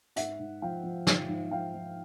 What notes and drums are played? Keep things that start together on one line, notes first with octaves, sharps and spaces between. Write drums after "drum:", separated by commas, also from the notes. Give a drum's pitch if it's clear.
G#2 E5 F#5, drum: hi-hat
G#2
F3 F5 G5
F3
G#2, drum: snare
G#2
F3 F5 G5
F3